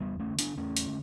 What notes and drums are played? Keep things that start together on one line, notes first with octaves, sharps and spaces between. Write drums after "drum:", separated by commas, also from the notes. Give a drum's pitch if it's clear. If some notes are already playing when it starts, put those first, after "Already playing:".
E2 G3 B3
A3 C#4
D3
B3 D4, drum: hi-hat
E2 A3 C#4
drum: hi-hat
D3